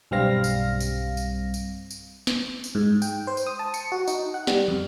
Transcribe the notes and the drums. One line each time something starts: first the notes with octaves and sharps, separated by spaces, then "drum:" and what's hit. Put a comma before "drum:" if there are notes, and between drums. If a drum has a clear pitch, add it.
B1 G2 G3 C4 F5 A#6
drum: tambourine
drum: tambourine
drum: tambourine
drum: tambourine
drum: tambourine
drum: snare
drum: tambourine
G#2
G5, drum: tambourine
C5
drum: tambourine
D#6
A5
C#7, drum: tambourine
F#4
D#4, drum: tambourine
F#5
G3, drum: snare
F2